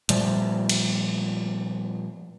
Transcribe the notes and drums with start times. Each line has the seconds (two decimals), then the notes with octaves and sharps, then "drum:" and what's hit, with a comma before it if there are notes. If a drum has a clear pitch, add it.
0.09 A#2 F3 G3 A3, drum: hi-hat
0.69 drum: cymbal